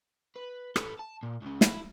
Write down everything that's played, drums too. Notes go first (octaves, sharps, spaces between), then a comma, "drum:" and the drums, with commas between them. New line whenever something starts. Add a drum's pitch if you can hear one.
B4
A4 B4, drum: rim click
A5
A#2
C#2 C#3
E4, drum: snare